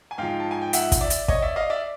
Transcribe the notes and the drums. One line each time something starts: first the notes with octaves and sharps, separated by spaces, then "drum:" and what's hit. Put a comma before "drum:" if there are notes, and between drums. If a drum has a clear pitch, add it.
G#5
G#2 F3 F5 G5
A5
G#5
G5
E5 F#5, drum: hi-hat
drum: kick, hi-hat
D5 E5
drum: hi-hat
C#5 D#5, drum: kick
D5 E5
D#5 F5
D5 E5